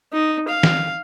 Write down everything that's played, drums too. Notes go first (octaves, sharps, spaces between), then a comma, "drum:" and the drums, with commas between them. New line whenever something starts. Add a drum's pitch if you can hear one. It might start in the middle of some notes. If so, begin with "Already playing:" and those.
D#4
F5
drum: snare